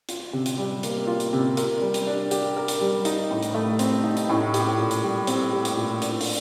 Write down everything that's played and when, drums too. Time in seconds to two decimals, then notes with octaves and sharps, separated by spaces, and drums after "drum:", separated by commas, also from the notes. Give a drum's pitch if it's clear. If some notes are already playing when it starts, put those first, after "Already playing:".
0.09 F4, drum: hi-hat
0.33 C3
0.46 drum: hi-hat
0.58 G3
0.83 A#3, drum: hi-hat
1.07 F4
1.20 drum: hi-hat
1.33 C3
1.57 A#4, drum: hi-hat
1.82 G3
1.94 drum: hi-hat
2.07 D4
2.31 G4, drum: hi-hat
2.57 A#4
2.68 drum: hi-hat
2.81 G3
3.05 D#4, drum: hi-hat
3.31 A2
3.43 drum: hi-hat
3.54 A3
3.79 C4, drum: hi-hat
4.04 D#4
4.17 drum: hi-hat
4.29 A2
4.54 G4, drum: hi-hat
4.78 A#2
4.91 drum: hi-hat
5.03 G3
5.27 C4, drum: hi-hat
5.52 G4
5.65 drum: hi-hat
5.77 A#2
6.02 D4, drum: hi-hat
6.21 drum: open hi-hat